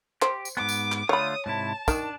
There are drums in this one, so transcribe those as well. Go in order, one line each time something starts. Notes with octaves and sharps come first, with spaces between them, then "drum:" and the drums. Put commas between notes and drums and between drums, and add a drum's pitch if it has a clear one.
G4 C5, drum: clap
drum: tambourine
G#2 B3 D6
drum: tambourine
drum: clap
D3 A3 F4 C#5 B5 D#6
G#2 C3 E4 A5
D#3 D4, drum: kick, tambourine